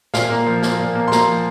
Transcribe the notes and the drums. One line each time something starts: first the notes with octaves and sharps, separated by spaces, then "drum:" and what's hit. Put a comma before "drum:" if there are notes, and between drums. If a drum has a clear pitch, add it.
A#2 F5, drum: snare
A#3
F3
A#3, drum: snare
A#2
A#3
C6
A#3 A#5, drum: snare
F3